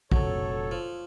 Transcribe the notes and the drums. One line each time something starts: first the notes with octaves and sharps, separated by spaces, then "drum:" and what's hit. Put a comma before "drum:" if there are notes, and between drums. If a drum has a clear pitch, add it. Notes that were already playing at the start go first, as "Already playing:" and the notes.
F1 A#1 F#3 A4 C#5, drum: kick
F3